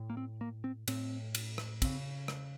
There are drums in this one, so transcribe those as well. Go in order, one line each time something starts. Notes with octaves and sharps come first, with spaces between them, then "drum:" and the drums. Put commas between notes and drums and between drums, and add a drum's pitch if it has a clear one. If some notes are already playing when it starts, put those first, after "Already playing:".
Already playing: A2
A#3
C4
A#3
C4
A2 C4, drum: cymbal
drum: cymbal
drum: rim click
C#3 C4, drum: kick, cymbal
drum: rim click